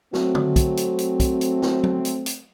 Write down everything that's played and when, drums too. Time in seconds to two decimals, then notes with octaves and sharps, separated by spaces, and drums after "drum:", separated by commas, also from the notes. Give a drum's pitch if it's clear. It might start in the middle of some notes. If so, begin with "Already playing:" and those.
0.14 F#3 A3 C4, drum: snare
0.35 drum: tom
0.56 drum: kick, hi-hat
0.77 drum: hi-hat
0.99 drum: hi-hat
1.20 drum: kick, hi-hat
1.41 drum: hi-hat
1.62 drum: snare
1.83 drum: tom F#3
2.05 drum: hi-hat
2.26 drum: hi-hat